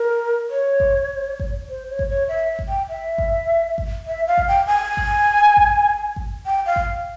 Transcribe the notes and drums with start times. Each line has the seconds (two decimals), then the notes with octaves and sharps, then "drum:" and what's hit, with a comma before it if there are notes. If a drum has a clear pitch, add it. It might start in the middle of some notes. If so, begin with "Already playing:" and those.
Already playing: A#4
0.50 C#5
0.80 drum: kick G#1
1.40 drum: kick G#1
1.69 C5
1.90 C#5
1.99 drum: kick G#1
2.10 C#5
2.28 E5
2.59 drum: kick G#1
2.69 G5
2.89 E5
3.18 drum: kick G#1
3.78 drum: kick G#1
4.07 E5
4.27 F5
4.38 drum: kick G#1
4.48 G5
4.67 G#5
4.97 drum: kick G#1
5.57 drum: kick G#1
6.16 drum: kick G#1
6.46 G5
6.66 F5
6.76 drum: kick G#1